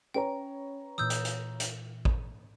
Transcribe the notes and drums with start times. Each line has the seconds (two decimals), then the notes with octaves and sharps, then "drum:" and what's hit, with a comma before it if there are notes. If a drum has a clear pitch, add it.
0.14 C#4 B4 C#5 G5 A#5
0.98 A#2 E3 D#6 E6 G6
1.10 drum: hi-hat
1.25 drum: hi-hat
1.60 drum: hi-hat
2.05 drum: kick A1